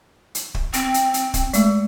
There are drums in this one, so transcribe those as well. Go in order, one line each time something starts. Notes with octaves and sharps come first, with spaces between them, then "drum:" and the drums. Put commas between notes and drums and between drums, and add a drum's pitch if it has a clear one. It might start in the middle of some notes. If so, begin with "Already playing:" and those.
drum: hi-hat
drum: kick
C4, drum: hi-hat
drum: hi-hat
drum: hi-hat
drum: kick, hi-hat
G#3 A3, drum: hi-hat